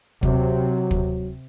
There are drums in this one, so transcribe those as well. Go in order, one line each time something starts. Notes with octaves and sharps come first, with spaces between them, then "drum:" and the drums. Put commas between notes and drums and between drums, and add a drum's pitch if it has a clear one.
C3 F#3, drum: kick
drum: kick